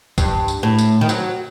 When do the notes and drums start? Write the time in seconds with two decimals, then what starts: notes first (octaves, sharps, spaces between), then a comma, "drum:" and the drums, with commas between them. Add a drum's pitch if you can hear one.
0.18 G2, drum: kick C2, tambourine
0.48 drum: tambourine
0.63 A2
0.78 drum: tambourine
1.01 D#3
1.09 F#3, drum: tambourine